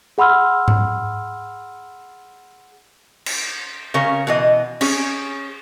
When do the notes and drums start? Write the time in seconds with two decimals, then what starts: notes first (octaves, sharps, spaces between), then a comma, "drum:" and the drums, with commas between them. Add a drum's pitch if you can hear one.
0.18 G#4 F#5 B5 C6 E6 F6
0.68 drum: tom G#2
3.26 drum: cymbal
3.94 C#3 C#4 A#4
4.27 B2 E3 D#5
4.81 C#4 G#4, drum: cymbal